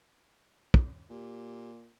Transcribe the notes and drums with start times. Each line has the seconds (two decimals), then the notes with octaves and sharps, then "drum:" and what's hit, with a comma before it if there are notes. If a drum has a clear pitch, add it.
0.74 drum: kick
1.10 A#2 G4